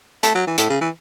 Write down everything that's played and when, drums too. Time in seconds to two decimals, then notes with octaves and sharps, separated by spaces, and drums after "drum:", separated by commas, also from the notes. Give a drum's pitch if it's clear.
0.23 A3, drum: hi-hat
0.35 F#3
0.47 E3
0.58 A2, drum: hi-hat
0.70 C#3
0.81 E3